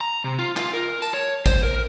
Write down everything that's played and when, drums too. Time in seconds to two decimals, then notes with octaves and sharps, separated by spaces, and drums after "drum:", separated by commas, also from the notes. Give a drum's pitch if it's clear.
0.01 A#5
0.24 C3
0.39 F4
0.57 F4, drum: clap
0.73 A#4
1.02 A5, drum: tambourine
1.14 C#5
1.46 C5, drum: kick A1, tambourine
1.63 A#4